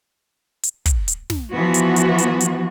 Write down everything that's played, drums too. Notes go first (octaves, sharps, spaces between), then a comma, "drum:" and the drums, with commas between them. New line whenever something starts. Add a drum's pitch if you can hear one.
drum: hi-hat
drum: kick, hi-hat
drum: hi-hat
drum: snare
E3 F3 B3 F#4
drum: hi-hat
drum: hi-hat
drum: hi-hat
drum: hi-hat